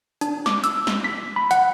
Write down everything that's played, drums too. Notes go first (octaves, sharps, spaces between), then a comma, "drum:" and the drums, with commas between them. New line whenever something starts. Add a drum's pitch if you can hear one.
D4, drum: hi-hat
D6, drum: snare
E6, drum: hi-hat
drum: snare
B6
B5
F#5, drum: hi-hat